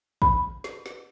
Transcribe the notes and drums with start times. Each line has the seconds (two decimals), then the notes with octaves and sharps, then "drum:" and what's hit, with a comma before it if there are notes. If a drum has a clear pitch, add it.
0.22 B5, drum: kick
0.64 drum: snare
0.86 drum: snare